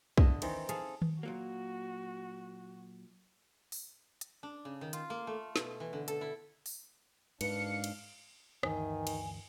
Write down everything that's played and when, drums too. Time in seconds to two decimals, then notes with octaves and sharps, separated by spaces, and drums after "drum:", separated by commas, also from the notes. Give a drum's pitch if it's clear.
0.18 D3 D#5 E5, drum: kick
0.42 D#3 E3 C4, drum: cymbal
0.69 G#4 A4 E5 F5, drum: hi-hat
1.02 drum: tom D#3
1.23 A#2 F#3 A#3 F#4
3.72 drum: open hi-hat
4.21 drum: hi-hat
4.43 D4
4.65 C#3
4.81 D#3
4.93 F4, drum: hi-hat
5.10 A#3
5.27 A3
5.56 B2, drum: snare
5.80 E3
5.93 D3
6.08 A4, drum: hi-hat
6.21 E4
6.66 drum: open hi-hat
7.41 G#1 G#2 D4 B4 F5 C#7, drum: cymbal
7.84 drum: cymbal
8.63 D2 G2 D#3 E3 G#5, drum: rim click
9.07 drum: cymbal